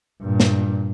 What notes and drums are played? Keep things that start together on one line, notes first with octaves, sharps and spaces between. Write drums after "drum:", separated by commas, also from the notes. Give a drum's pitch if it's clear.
G2 A#2
drum: snare